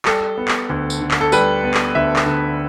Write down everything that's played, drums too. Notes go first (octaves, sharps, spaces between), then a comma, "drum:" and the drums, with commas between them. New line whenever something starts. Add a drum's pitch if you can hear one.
G3 A4, drum: clap
B3
drum: clap
D2
drum: tambourine
D3
drum: clap
A4
G3 B4, drum: tambourine
B3
drum: clap
D2 E5
drum: clap
D3